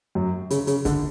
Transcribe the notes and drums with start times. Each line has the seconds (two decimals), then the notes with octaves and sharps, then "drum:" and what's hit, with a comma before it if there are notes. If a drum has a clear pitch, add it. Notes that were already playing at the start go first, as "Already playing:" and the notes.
0.15 F#2
0.50 C#3, drum: hi-hat
0.67 C#3, drum: hi-hat
0.85 D3, drum: kick, hi-hat